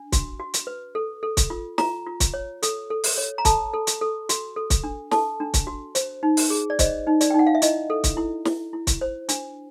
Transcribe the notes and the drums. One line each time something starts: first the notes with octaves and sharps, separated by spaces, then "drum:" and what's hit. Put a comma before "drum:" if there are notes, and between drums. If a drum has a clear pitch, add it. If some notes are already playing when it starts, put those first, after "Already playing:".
Already playing: D4
F#4, drum: kick, hi-hat
F#4
drum: hi-hat
B4
A4
A4
drum: kick, hi-hat
F4
F4 A#5, drum: snare
F4
drum: kick, hi-hat
C#5
A4, drum: hi-hat
A4
drum: open hi-hat
C#5
A#5
A4 A5, drum: kick, hi-hat
A4
drum: hi-hat
A4
F#4, drum: hi-hat
A4
drum: kick, hi-hat
D4
A4 A5, drum: snare
D4
drum: kick, hi-hat
F#4
C5, drum: hi-hat
D#4
drum: open hi-hat
G#4
D5
C5 D#5, drum: kick, hi-hat
D#4
D5, drum: hi-hat
G5
D#4
F#5
F5
E5
E4 D#5, drum: hi-hat
A4
drum: kick, hi-hat
E4
E4, drum: snare
E4
drum: kick, hi-hat
C5
D4, drum: hi-hat